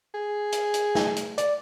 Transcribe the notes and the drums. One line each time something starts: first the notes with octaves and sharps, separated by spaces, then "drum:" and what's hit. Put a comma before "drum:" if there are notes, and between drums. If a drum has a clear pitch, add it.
G#4
drum: hi-hat
drum: hi-hat
drum: snare
drum: hi-hat
D5, drum: hi-hat